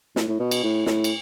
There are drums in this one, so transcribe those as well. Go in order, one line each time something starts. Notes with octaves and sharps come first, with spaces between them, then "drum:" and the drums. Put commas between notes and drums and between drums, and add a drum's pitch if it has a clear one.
A2, drum: snare
A2
B2
drum: cymbal
A2
A2, drum: snare
drum: cymbal